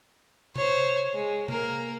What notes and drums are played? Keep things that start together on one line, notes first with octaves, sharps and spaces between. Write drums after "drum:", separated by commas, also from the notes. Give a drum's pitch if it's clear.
C5 C#5, drum: tom C3
G#3
A#3 A#4, drum: tom C3